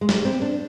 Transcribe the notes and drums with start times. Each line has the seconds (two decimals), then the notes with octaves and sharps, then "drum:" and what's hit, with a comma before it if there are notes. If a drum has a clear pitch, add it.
0.01 G#3
0.09 G3, drum: snare
0.25 C4
0.42 D4